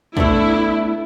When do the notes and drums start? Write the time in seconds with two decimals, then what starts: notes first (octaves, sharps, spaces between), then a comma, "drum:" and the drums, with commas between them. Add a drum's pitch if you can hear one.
0.17 A3 B3 D4 E4, drum: kick